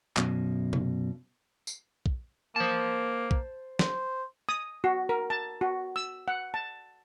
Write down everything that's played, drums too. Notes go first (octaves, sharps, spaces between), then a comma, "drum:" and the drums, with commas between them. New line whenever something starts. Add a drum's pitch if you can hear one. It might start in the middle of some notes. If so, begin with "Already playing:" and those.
F#2 B2, drum: clap
drum: tom C3
drum: tambourine
drum: kick
A#3 C5 A5
drum: kick
C5, drum: snare
D#6
F#4
A#4
A5
F#4
E6
F#5
A5